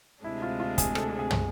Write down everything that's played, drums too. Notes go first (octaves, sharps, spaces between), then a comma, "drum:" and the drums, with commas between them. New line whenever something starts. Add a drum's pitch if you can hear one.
D2 C3 G#3 D4 E4
F4
F4
G#4, drum: kick, hi-hat
A4, drum: rim click
G#4
drum: tom